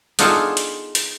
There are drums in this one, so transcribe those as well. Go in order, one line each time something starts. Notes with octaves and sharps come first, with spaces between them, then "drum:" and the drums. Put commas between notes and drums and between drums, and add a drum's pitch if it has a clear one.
B3 D4 D#4 F4 G#4 A4, drum: hi-hat
drum: hi-hat
drum: hi-hat